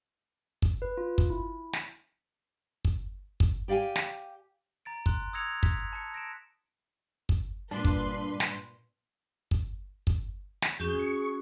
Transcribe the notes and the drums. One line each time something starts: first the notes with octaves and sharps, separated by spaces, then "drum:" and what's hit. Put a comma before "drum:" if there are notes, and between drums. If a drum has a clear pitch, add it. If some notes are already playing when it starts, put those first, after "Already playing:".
drum: kick
B4
F4
drum: kick
E4
drum: snare
drum: kick
drum: kick
G4 D5 F5 G5 G#5
drum: snare
A#5 A6 D7
C6 F#6, drum: kick
D#6 E6 G#6 A#6 C#7 F7
B6, drum: kick
A5 C#7
A#6 D7 E7
drum: kick
G2 A#2 D4 B4 C6
drum: kick
drum: snare
drum: kick
drum: kick
drum: snare
F2 C#4 F#4 G#4 G6
C#6